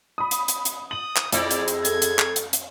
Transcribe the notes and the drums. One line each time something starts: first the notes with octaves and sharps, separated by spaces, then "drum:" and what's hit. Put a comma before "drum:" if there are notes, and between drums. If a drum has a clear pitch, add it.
B5 D#6
drum: hi-hat
drum: hi-hat
drum: hi-hat
D#6 F#7
drum: clap
F2 G#3 C4 E4 D5, drum: hi-hat
drum: hi-hat
drum: hi-hat
A4 G#6, drum: hi-hat
drum: hi-hat
drum: clap
drum: hi-hat
drum: hi-hat